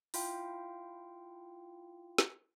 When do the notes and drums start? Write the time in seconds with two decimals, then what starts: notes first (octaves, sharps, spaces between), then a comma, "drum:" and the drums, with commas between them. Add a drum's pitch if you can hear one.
0.14 E4 F4 F5 G5, drum: open hi-hat
2.18 drum: snare